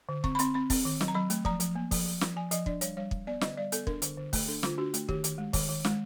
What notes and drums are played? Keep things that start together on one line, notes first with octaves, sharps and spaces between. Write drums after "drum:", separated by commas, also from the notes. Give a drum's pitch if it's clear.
D3
C4 C#6, drum: kick
B5
C4 C6, drum: hi-hat
C4 B5
C4, drum: kick, open hi-hat
D#3
F#3, drum: snare
A#5
F#3 B5
A3, drum: hi-hat
F3 A#5, drum: kick
F3, drum: hi-hat
A#3
F3, drum: kick, open hi-hat
F3
F3, drum: snare
F3 G#5
F3 D#5, drum: hi-hat
D4 D5, drum: kick
G3 C#5, drum: hi-hat
G3 C#5
G3, drum: kick
B3 D5
D3 D#5, drum: snare
G3 D5
B3 A4, drum: hi-hat
D4 A#4, drum: kick
D3, drum: hi-hat
D3
A3, drum: kick, open hi-hat
D4 A4
D3 F4, drum: snare
D4 F#4
A3, drum: hi-hat
D#3 G4, drum: kick
D#3, drum: hi-hat
G#3
D#3, drum: kick, open hi-hat
D#3
G#3, drum: snare